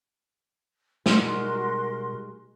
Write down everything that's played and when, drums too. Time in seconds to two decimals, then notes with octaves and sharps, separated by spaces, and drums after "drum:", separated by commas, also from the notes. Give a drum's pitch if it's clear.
1.06 B2 G3 G#3 D#4 F#4 A#4 C6, drum: snare